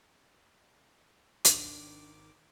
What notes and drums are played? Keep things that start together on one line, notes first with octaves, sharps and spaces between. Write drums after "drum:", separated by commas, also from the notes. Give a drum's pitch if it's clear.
G#1 D#3 D4 D6, drum: hi-hat